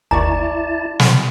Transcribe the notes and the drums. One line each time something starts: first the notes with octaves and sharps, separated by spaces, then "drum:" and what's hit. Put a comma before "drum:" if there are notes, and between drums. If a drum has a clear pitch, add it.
G1 D#2 E4 D5 A5 A#5 C#6
drum: snare